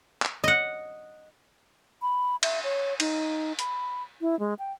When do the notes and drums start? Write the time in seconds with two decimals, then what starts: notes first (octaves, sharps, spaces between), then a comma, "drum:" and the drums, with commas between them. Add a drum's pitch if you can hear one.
0.22 drum: clap
0.44 D#5 F#5
2.02 B5
2.43 E5, drum: cymbal
2.64 C#5
3.00 D#4, drum: cymbal
3.59 B5, drum: hi-hat
4.21 E4
4.39 G#3
4.59 G5